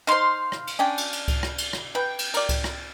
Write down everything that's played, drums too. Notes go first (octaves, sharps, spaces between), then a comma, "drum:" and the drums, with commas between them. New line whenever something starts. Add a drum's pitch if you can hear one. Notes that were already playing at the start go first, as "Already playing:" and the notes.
D#4 C5 F5 C6
drum: rim click
drum: cymbal
C#4 D4 G5
drum: cymbal
drum: cymbal
drum: kick C#2, cymbal
drum: rim click
drum: cymbal
drum: rim click
B4 G5
drum: cymbal
A#4 D5, drum: cymbal
drum: kick C#2, cymbal
drum: rim click